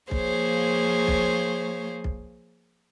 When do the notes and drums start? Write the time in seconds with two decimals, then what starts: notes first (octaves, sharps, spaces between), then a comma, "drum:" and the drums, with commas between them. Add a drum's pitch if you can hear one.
0.11 F3 A#3 G#4 C5 C#5, drum: kick B1
1.08 drum: kick B1
2.04 drum: kick B1